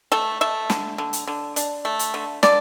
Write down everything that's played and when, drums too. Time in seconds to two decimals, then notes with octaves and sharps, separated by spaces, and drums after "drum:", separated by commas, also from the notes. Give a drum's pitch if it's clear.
0.12 A3 A4
0.41 A3 E5
0.70 D3, drum: snare
0.98 D3
1.13 drum: hi-hat
1.27 D3
1.56 D4, drum: hi-hat
1.85 A3
1.99 drum: hi-hat
2.14 D3
2.43 D3 D5, drum: snare